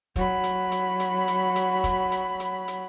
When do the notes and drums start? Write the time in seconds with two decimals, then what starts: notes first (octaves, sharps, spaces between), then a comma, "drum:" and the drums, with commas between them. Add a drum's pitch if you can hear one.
0.16 F#3 B5, drum: kick, hi-hat
0.44 drum: hi-hat
0.72 drum: hi-hat
1.00 drum: hi-hat
1.28 drum: hi-hat
1.56 drum: hi-hat
1.84 drum: kick, hi-hat
2.12 drum: hi-hat
2.40 drum: hi-hat
2.68 drum: hi-hat